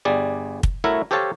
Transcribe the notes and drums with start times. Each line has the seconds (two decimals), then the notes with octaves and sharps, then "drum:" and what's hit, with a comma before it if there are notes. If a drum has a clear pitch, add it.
0.05 G1 G3 G#4 D5
0.63 drum: kick
0.84 A3 E4 F#4 A#4 C#5 E5
1.11 G4 A4 C5 C#5 F5 A5